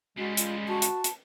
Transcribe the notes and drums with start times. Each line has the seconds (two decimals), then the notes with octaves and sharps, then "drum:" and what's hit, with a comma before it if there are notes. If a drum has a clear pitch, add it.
0.17 C#3 G3 G#3 F#4
0.37 F4, drum: hi-hat
0.68 F#4 A5
0.82 drum: hi-hat
1.04 drum: hi-hat